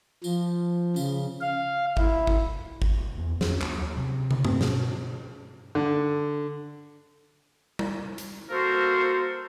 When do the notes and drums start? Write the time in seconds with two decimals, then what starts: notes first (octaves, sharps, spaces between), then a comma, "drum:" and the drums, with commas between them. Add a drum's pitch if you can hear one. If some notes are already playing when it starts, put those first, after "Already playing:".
0.24 F3, drum: tambourine
0.96 C#3, drum: tambourine
1.41 F5
1.97 E4, drum: kick G#1
2.27 drum: kick G#1
2.82 drum: kick G#1
3.17 E2
3.41 F2, drum: snare
3.62 D#2, drum: clap
3.78 F#3
3.97 C3
4.31 drum: tom
4.45 C4, drum: tom
4.61 B2, drum: snare
5.75 D3
7.79 drum: tom G3
8.18 drum: hi-hat
8.50 A#3 F#4 A4 A#4 C5